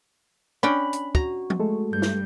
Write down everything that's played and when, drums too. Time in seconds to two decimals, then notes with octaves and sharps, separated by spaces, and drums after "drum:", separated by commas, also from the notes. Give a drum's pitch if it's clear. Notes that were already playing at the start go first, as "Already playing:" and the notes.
0.63 C#4 D4 G5 B5
0.93 drum: hi-hat
1.15 F#4 A#5, drum: kick
1.50 drum: tom
1.59 G#3 A3 A4
1.93 G2 G6
2.02 drum: snare